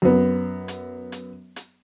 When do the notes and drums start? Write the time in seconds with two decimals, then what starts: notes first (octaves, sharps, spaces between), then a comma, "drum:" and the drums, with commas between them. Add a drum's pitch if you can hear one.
0.02 F#2 B3
0.68 drum: hi-hat
1.12 drum: hi-hat
1.56 drum: hi-hat